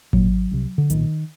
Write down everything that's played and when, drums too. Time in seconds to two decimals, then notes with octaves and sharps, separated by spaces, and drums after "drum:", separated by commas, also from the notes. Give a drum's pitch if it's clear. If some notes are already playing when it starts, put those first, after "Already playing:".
0.13 A#1 A#2 F#3, drum: kick G#1
0.52 C2 C3
0.78 D3
0.90 B1 A#2 D#3, drum: hi-hat